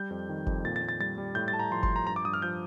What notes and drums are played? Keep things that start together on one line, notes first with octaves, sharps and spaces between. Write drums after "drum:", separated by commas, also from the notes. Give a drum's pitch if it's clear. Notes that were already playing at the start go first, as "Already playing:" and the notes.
Already playing: G3 G6
F2
D#3
F2, drum: kick F#1
A#2 A6
A6
A#2
A6
G3 A6
G3
A2 G6
A6
A2 A5
A#5
F3 C6
C6, drum: kick F#1
F3
A#5
G2 A#5
D6
G2 D#6
F6
F3 G6